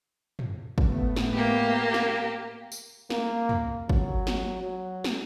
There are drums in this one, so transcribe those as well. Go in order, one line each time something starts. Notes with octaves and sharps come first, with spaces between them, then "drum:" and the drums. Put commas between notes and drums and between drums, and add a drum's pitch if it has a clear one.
drum: tom
drum: kick
A2 A3 B3
drum: snare
A#3 G4
drum: snare
drum: tambourine
A#3, drum: snare
drum: tom
F#3, drum: kick
drum: snare
F#3
drum: snare